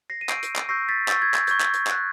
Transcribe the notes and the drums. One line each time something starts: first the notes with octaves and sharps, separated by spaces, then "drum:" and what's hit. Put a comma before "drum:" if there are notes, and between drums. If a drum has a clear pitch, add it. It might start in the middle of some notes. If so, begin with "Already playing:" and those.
A#6 C7
D#7
C#6 E6 G6 C7 D7, drum: clap
drum: hi-hat
drum: clap
C#6 E6 G6 A#6 C7
A6 B6
C#6 E6 G6 A6, drum: clap
G#6
G6, drum: clap
C#6 E6 G6 G#6, drum: hi-hat
drum: clap
drum: hi-hat
C#6 F#6, drum: clap